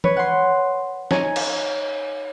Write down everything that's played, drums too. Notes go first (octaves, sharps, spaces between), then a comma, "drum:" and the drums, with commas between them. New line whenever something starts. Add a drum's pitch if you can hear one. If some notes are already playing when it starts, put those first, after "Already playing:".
B4 C#5, drum: tom E3
F#5 C6
D#4 C#5 G#5, drum: snare
drum: cymbal